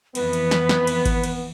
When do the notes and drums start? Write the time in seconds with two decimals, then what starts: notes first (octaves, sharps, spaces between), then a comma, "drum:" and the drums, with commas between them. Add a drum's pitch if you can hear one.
0.15 F2 E3 B3 B4, drum: cymbal
0.33 drum: cymbal
0.51 drum: snare
0.69 drum: snare
0.87 drum: cymbal
1.05 drum: kick G#1, cymbal
1.24 drum: cymbal